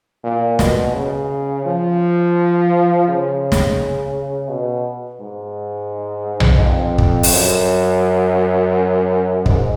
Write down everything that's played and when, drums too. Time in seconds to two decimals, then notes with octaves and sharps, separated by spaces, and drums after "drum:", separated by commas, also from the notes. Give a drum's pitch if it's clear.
0.24 A#2
0.59 B2, drum: snare
0.95 C#3
1.66 F3
3.08 C#3
3.52 drum: snare
4.49 B2
5.20 G#2
6.40 drum: tom B1
6.62 F2
6.98 drum: kick
7.23 drum: open hi-hat
7.33 F#2
9.46 G#2, drum: kick